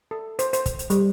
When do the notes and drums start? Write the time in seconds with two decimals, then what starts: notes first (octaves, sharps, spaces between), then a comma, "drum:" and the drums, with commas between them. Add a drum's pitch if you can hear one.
0.11 A4
0.39 C5, drum: hi-hat
0.53 C5, drum: hi-hat
0.66 drum: kick, hi-hat
0.79 drum: hi-hat
0.90 G3, drum: hi-hat